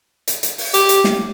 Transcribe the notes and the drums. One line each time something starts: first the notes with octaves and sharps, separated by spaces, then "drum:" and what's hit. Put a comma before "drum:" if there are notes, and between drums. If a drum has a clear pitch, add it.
drum: hi-hat
drum: hi-hat
drum: open hi-hat
G4, drum: hi-hat
drum: hi-hat
drum: snare